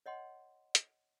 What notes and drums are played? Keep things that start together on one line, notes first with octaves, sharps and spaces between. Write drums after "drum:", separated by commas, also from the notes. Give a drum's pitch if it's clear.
C#5 D#5 F#5 C6
drum: hi-hat